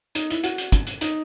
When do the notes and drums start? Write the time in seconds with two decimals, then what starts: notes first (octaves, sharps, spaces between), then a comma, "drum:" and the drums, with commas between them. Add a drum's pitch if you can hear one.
0.15 D#4, drum: hi-hat
0.30 E4, drum: hi-hat
0.43 F#4, drum: hi-hat
0.58 drum: hi-hat
0.72 drum: kick, hi-hat
0.87 drum: hi-hat
1.01 D#4, drum: hi-hat